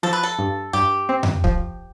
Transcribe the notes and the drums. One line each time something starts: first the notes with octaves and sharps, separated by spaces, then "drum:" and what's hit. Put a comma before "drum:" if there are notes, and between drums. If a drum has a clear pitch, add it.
F3 A4
B4
A4
G2
G2 G4
C4
drum: tom F2
F3, drum: kick